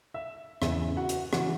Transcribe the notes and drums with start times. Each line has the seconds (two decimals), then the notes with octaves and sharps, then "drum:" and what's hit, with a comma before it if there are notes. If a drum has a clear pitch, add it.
0.14 E5
0.62 E2 C#3 E3 E5, drum: rim click
0.97 F#4 F#5
1.09 drum: hi-hat
1.33 C#3 E3 F#4 F#5, drum: rim click